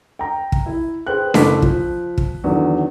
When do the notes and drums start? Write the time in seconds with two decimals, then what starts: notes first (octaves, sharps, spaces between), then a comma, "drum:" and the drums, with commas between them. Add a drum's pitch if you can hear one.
0.19 G5 A#5
0.52 drum: kick
0.66 E4
1.07 G#4 B4 C5 G5 F#6
1.34 F#1 A4 D6 B6, drum: snare D4
1.62 F3, drum: kick
2.18 drum: kick
2.44 E2 D3 D#3 F#3